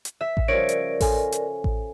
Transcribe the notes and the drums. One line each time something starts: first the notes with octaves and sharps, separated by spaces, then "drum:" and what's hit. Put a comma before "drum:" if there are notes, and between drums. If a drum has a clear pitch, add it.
drum: hi-hat
E5
drum: kick A1
C#3 F3 G3 A#4 C#5 D5 D7
drum: hi-hat
F4 A4 G#5, drum: kick A1, open hi-hat
drum: hi-hat
drum: kick A1